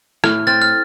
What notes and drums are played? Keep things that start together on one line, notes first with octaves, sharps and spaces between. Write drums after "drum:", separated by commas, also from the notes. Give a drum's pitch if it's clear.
A2 F6, drum: rim click
C4 F6 A6
F6